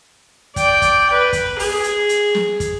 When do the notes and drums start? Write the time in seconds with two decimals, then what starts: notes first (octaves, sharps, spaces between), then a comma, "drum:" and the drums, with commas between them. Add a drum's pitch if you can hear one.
0.56 D5 G5, drum: kick, hi-hat
0.82 drum: kick, hi-hat
1.14 B4
1.33 drum: kick, hi-hat
1.59 G#4, drum: open hi-hat
1.84 drum: hi-hat
2.09 drum: hi-hat
2.35 drum: snare
2.60 drum: kick, hi-hat